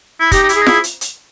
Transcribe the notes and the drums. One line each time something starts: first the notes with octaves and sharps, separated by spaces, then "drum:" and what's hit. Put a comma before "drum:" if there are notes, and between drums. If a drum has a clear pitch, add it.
E4
D#4 G4, drum: kick, hi-hat
D#4
E4, drum: hi-hat
G#4
D#4
E4, drum: snare F4
drum: hi-hat
drum: hi-hat